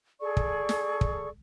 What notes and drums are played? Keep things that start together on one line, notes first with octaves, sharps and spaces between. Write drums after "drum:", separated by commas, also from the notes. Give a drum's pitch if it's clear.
G#4 A4 D5 C#6
drum: kick
drum: snare
drum: kick